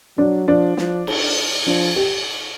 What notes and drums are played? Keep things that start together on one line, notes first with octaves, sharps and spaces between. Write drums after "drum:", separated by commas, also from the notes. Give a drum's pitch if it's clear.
F#3 D4
F3 D4
F3, drum: snare
drum: cymbal
F3 D4
G4